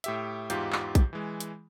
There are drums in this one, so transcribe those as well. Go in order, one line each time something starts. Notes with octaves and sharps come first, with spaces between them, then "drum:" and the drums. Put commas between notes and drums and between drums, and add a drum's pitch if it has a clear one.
A2 G4 E5, drum: hi-hat
E2 G#2 F4 G4 G6, drum: hi-hat
drum: clap
drum: kick A#1, hi-hat
E3 G#3
drum: hi-hat